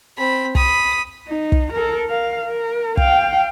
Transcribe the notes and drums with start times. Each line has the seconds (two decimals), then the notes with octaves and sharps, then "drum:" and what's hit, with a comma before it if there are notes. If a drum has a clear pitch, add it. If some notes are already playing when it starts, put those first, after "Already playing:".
0.18 C4 B5
0.55 B5 D#6, drum: kick
1.28 D#4
1.52 drum: kick
1.72 A4 A#4
2.09 A#4 F5
2.45 A#4
2.97 F5 G5, drum: kick